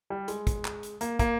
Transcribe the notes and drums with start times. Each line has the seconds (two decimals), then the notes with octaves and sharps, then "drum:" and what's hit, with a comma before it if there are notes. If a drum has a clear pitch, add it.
0.10 G3
0.28 G#3, drum: hi-hat
0.47 drum: kick, hi-hat
0.65 drum: clap
0.83 drum: hi-hat
1.01 A#3, drum: hi-hat
1.19 A#3, drum: kick, hi-hat